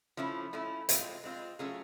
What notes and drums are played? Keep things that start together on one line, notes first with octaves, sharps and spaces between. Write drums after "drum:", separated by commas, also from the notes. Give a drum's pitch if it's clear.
F3 A3 C#4 E4
F3 A3 C#4 E4
G#3 C4 F4, drum: hi-hat
G#3 C4 F4
F#3 A3 C#4 F4 G#4